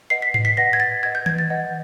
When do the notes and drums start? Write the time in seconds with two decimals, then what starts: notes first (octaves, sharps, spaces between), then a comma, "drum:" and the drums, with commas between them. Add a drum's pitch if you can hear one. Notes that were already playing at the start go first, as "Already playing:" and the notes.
0.10 B4 D#5 F#5 C7
0.22 B6
0.34 C7, drum: tom G#2
0.45 B6
0.57 B4 D#5 F#5 A#6
0.73 G#6
0.80 A6
1.03 B4 D#5 F#5 G#6
1.15 G6
1.26 G#6, drum: tom D#3
1.38 A6
1.50 B4 D#5 F#5